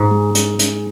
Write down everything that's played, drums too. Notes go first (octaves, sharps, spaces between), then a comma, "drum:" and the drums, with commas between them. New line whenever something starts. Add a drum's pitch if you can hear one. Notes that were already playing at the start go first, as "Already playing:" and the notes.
Already playing: G#2
G#3
G#3, drum: hi-hat
G#3, drum: hi-hat